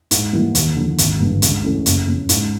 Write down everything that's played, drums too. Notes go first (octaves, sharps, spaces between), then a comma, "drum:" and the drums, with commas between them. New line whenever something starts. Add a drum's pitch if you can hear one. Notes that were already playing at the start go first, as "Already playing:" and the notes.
G#2, drum: hi-hat
E3 G3 A#3
D#2, drum: hi-hat
D3 F3
G#1, drum: hi-hat
G2 D3
C#2, drum: hi-hat
C#3 E3 A3 C#4
F#1, drum: hi-hat
F2 C#3
G#2, drum: hi-hat